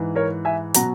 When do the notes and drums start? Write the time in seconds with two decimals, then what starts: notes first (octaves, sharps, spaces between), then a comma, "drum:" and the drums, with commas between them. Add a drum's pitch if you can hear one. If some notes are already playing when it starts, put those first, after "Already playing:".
Already playing: G#2 E3
0.15 A#4 C#5
0.45 E5 G#5
0.74 B2 F#3 F#5 A#5, drum: hi-hat